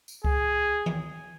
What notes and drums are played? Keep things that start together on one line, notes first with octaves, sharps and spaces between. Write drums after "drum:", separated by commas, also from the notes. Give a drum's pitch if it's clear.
drum: tambourine
G#4, drum: kick C#2
drum: tom D#3